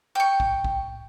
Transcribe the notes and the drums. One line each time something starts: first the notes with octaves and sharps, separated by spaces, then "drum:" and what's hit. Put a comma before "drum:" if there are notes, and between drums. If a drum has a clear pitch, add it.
G5 C#6
drum: kick A#1
drum: kick A#1